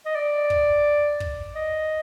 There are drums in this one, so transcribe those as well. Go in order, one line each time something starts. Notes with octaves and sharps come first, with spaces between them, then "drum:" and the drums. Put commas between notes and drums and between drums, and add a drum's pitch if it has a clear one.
D#5
D5
drum: kick
drum: kick
D#5